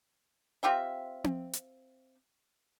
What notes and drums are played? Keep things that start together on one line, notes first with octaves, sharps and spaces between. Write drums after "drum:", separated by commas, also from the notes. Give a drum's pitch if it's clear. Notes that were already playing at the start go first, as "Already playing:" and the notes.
C4 F4 G4 E5
drum: tom C4
drum: hi-hat